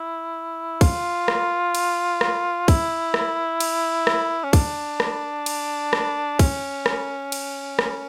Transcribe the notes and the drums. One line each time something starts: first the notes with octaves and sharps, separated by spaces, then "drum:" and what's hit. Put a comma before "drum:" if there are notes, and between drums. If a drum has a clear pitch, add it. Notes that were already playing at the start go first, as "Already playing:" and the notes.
Already playing: E4
F4, drum: kick, cymbal
drum: rim click
drum: cymbal
drum: rim click
E4, drum: kick, cymbal
drum: rim click
drum: cymbal
drum: rim click
C#4
D4, drum: kick, cymbal
drum: rim click
drum: cymbal
drum: rim click
C#4, drum: kick, cymbal
drum: rim click
drum: cymbal
drum: rim click